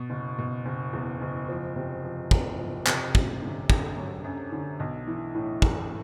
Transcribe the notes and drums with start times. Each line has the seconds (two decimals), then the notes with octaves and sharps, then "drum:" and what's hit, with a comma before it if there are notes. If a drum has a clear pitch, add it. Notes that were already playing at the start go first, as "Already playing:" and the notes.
Already playing: B2
0.10 F#1
0.39 B2
0.66 F#1
0.93 E2
1.21 F#1
1.49 F3
1.76 C3
2.04 F3
2.31 E2, drum: kick
2.59 F3
2.87 C3, drum: clap
3.15 F#2, drum: kick
3.42 D3
3.70 D3, drum: kick
3.97 F#3
4.24 F#2
4.52 D3
4.80 B1
5.07 E3
5.35 A2
5.62 E3, drum: kick